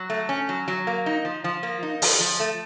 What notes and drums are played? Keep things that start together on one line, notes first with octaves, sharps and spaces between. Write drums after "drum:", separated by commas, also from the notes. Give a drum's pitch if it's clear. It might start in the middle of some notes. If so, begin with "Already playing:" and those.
Already playing: F#3
A3
C#4
F#3
F#3
A#3
D#4
F3
F3
A#3
D#4
F3, drum: open hi-hat
F3
A3